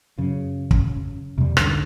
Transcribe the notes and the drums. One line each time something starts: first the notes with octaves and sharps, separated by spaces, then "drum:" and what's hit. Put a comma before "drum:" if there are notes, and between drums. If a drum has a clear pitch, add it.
F#2 C#3
drum: kick
E2 C3 G3
C2 G#2 D3 C#4, drum: rim click